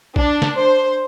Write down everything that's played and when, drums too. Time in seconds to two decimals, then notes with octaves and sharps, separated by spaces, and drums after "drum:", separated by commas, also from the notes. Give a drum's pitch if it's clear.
0.16 D4, drum: kick B1
0.42 drum: snare
0.59 C5